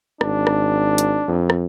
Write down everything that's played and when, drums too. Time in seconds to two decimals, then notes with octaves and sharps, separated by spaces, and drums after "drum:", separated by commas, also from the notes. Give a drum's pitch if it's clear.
0.21 G#1 D4, drum: rim click
0.47 drum: rim click
0.98 drum: hi-hat
1.28 F2
1.50 drum: rim click